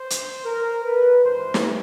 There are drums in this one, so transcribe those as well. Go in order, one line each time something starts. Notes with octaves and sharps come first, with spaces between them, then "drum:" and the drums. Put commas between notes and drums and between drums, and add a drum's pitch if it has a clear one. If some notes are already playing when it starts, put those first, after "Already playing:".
Already playing: C5
drum: hi-hat
A#4
B4
G#1 G2 E3 G3 C4 C5
drum: snare